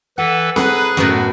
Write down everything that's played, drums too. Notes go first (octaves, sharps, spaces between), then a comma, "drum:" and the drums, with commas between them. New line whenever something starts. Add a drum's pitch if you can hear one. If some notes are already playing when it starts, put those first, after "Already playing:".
E3 A4 B4 F#5
G#4 A4 B4 A#5 F#6, drum: snare C4
F#2 A2 B3 F#4 A4 B4